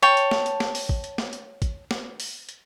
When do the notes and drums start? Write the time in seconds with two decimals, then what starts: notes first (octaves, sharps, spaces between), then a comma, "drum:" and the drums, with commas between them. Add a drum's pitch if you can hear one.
0.02 C#5 G5 A5
0.17 drum: hi-hat
0.31 drum: snare
0.46 drum: hi-hat
0.60 drum: snare
0.75 drum: open hi-hat
0.89 drum: kick
1.04 drum: hi-hat
1.18 drum: snare
1.33 drum: hi-hat
1.62 drum: kick, hi-hat
1.91 drum: snare
2.20 drum: open hi-hat
2.49 drum: hi-hat